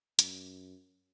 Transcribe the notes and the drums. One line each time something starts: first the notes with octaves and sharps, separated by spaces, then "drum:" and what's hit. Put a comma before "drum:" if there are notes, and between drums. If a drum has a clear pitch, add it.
F#2, drum: hi-hat